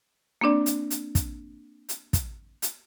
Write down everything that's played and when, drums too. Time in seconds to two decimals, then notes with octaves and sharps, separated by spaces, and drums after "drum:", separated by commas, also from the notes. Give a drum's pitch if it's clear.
0.41 A#3 C4 D4 D5
0.66 drum: hi-hat
0.91 drum: hi-hat
1.15 drum: kick, hi-hat
1.89 drum: hi-hat
2.13 drum: kick, hi-hat
2.62 drum: hi-hat